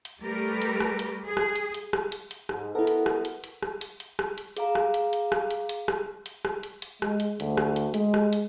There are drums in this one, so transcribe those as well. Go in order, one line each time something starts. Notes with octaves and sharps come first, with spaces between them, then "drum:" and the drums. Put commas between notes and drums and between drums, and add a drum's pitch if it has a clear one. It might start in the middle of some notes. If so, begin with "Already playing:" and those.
drum: hi-hat
G3 A3 G4 A#4 B4
drum: hi-hat
drum: rim click
drum: hi-hat
G#4
drum: rim click
drum: hi-hat
drum: hi-hat
drum: rim click
drum: hi-hat
drum: hi-hat
G#2, drum: rim click
B3 E4 F#4 A4 A#4
drum: hi-hat
drum: rim click
drum: hi-hat
drum: hi-hat
drum: rim click
drum: hi-hat
drum: hi-hat
drum: rim click
drum: hi-hat
G#4 F5 A#5, drum: hi-hat
drum: rim click
drum: hi-hat
drum: hi-hat
drum: rim click
drum: hi-hat
drum: hi-hat
drum: rim click
drum: hi-hat
drum: rim click
drum: hi-hat
drum: hi-hat
G#3, drum: rim click
drum: hi-hat
D2, drum: hi-hat
drum: rim click
drum: hi-hat
G#3, drum: hi-hat
drum: rim click
drum: hi-hat